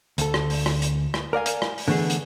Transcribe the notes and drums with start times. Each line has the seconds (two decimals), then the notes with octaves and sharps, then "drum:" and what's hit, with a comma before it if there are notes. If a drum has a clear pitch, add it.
0.18 D2 A4, drum: hi-hat
0.34 drum: rim click
0.50 drum: open hi-hat
0.66 drum: rim click
0.82 drum: hi-hat
1.14 drum: rim click
1.33 A#4 D5 F5 G#5
1.46 drum: hi-hat
1.62 drum: rim click
1.78 drum: open hi-hat
1.88 D3 E3 A3 B3 G#4
2.10 drum: hi-hat